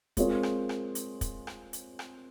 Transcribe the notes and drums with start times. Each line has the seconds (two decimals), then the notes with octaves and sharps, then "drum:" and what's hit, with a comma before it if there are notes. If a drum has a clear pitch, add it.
0.17 G#3 C4 F4 A#4 C#5, drum: kick, hi-hat
0.43 drum: rim click
0.69 drum: rim click
0.95 drum: hi-hat
1.21 drum: kick, hi-hat
1.47 drum: rim click
1.73 drum: hi-hat
1.99 drum: rim click